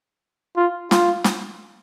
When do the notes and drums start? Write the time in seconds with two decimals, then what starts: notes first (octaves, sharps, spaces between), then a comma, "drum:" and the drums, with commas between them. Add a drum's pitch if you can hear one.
0.57 F4
0.91 F4, drum: snare
1.24 drum: snare